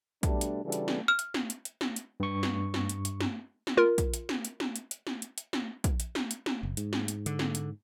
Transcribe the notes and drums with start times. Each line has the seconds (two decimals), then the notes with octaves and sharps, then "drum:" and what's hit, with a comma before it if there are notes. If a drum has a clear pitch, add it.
0.23 B2 G3 A3 D4, drum: kick, hi-hat
0.41 drum: hi-hat
0.63 C#3 E3 G3 D4 F#4 A4
0.72 drum: hi-hat
0.88 drum: snare
1.08 F6
1.19 drum: hi-hat
1.34 drum: snare
1.50 drum: hi-hat
1.65 drum: hi-hat
1.81 drum: snare
1.96 drum: hi-hat
2.20 G2 C#6
2.43 drum: snare
2.74 drum: snare
2.89 drum: hi-hat
3.05 drum: hi-hat
3.20 drum: snare
3.67 drum: snare
3.77 F4 A#4
3.98 drum: kick, hi-hat
4.14 drum: hi-hat
4.29 drum: snare
4.45 drum: hi-hat
4.60 drum: snare
4.76 drum: hi-hat
4.91 drum: hi-hat
5.07 drum: snare
5.22 drum: hi-hat
5.38 drum: hi-hat
5.53 drum: snare
5.84 drum: kick, hi-hat
6.00 drum: hi-hat
6.15 drum: snare
6.31 drum: hi-hat
6.46 drum: snare
6.63 F#1
6.77 G#2, drum: hi-hat
6.93 drum: snare
7.08 drum: hi-hat
7.26 D3, drum: hi-hat
7.39 drum: snare
7.55 drum: hi-hat